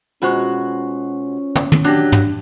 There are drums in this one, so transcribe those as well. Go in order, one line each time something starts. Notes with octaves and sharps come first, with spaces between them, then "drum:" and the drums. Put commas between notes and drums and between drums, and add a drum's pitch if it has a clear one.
B2 G#3 C#4 F4 F#4 C5 C#6
drum: tom
drum: tom
F#3 D4 G4 F#6 A#6
drum: tom